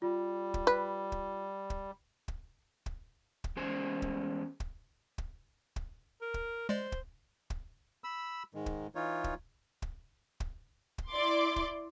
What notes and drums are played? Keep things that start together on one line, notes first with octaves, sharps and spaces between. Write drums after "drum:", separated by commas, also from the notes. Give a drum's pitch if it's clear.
G3 F4
drum: kick
B4
drum: kick
drum: kick
drum: kick
drum: kick
drum: kick
E2 G#3 C#4 C5 G#5
drum: kick
drum: kick
drum: kick
drum: kick
A#4
drum: kick
G#3 C5 D5
drum: kick
drum: kick
B5 E6
G#2 D#3 G#3
drum: kick
E3 D#4 F4 C#5
drum: kick
drum: kick
drum: kick
drum: kick
E4 D5 C6 D6
drum: kick